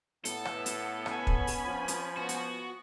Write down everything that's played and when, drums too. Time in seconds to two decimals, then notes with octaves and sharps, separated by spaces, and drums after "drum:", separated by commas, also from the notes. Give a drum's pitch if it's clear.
0.25 A2 B3 A4, drum: hi-hat
0.45 drum: rim click
0.66 drum: hi-hat
1.06 C#4 G#5 B5, drum: rim click
1.27 drum: kick
1.47 drum: open hi-hat
1.66 F3
1.88 drum: hi-hat
2.17 B3 F#4
2.29 drum: hi-hat